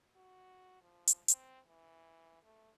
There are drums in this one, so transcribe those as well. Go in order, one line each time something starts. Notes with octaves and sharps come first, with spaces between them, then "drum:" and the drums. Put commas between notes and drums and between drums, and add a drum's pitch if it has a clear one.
F#4
F3
drum: hi-hat
C4, drum: hi-hat
E3
A3